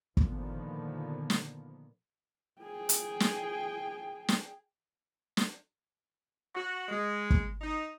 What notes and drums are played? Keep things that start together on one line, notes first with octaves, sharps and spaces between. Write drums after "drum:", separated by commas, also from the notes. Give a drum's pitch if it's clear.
A#2 D3 D#3 F3 A#3 B3, drum: kick
drum: snare
G#4 G5
drum: hi-hat
drum: snare
drum: snare
drum: snare
F#4
G#3
drum: kick
D#4